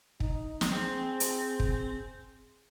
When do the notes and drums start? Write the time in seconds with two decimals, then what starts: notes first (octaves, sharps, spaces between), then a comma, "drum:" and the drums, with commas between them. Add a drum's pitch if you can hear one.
0.20 D#4, drum: kick
0.61 drum: snare
0.71 C4 G#4
1.20 drum: hi-hat
1.60 drum: kick